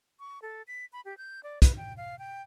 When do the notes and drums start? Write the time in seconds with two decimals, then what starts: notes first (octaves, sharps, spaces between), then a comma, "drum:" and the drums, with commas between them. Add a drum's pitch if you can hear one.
0.20 C#6
0.42 A4
0.67 B6
0.93 B5
1.05 G4
1.18 G6
1.43 D5
1.62 B4, drum: kick, hi-hat
1.77 G5
1.97 F5
2.19 G5